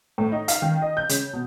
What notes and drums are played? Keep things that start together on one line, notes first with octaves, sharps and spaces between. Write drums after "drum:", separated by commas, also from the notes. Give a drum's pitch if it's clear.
A2
D#4
F5, drum: hi-hat
D#3
D#5
G6
C#3, drum: hi-hat
B2